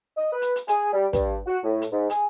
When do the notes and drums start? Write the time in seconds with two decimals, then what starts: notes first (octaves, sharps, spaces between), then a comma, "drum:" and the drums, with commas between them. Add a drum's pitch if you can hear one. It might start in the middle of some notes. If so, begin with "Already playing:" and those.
0.16 D#5
0.33 B4
0.42 drum: hi-hat
0.56 drum: hi-hat
0.68 G#4, drum: hi-hat
0.93 G3
1.13 G2, drum: kick, hi-hat
1.47 F#4
1.64 A2
1.82 drum: hi-hat
1.92 G#2
2.10 G#4, drum: hi-hat